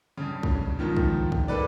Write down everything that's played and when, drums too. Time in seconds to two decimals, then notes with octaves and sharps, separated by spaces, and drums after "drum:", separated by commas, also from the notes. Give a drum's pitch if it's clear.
0.18 G2 C#3
0.43 drum: kick
0.79 G#2 D#3 F3
0.97 drum: kick
1.32 drum: kick
1.48 G3 A#3 A4 B4 D5